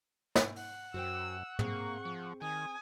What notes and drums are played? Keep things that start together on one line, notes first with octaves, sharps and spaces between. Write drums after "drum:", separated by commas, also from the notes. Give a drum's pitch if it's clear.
drum: snare
F#5, drum: open hi-hat
F#2 F#4 C5 G5 E6
A#3 C4 G#4 C#6, drum: tom
F3
D#3 G#5 D#6